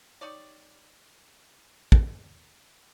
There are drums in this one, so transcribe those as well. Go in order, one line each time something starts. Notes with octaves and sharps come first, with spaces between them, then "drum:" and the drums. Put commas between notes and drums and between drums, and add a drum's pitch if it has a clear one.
G3 D#4 C#5 D5
drum: kick